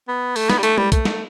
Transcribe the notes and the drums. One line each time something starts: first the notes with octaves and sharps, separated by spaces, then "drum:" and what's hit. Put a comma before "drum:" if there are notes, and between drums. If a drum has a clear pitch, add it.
B3
A3, drum: open hi-hat
B3, drum: snare
G3
A3, drum: hi-hat
G3, drum: tom G#3
A3, drum: kick, hi-hat
drum: snare